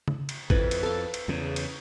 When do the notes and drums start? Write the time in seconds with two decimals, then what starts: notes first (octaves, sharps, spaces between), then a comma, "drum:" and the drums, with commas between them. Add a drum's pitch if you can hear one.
0.08 drum: tom C#3
0.29 drum: cymbal
0.50 F2 E4 B4, drum: kick
0.71 drum: cymbal
0.83 A4 F5
1.14 drum: cymbal
1.28 E2 C#3
1.56 drum: cymbal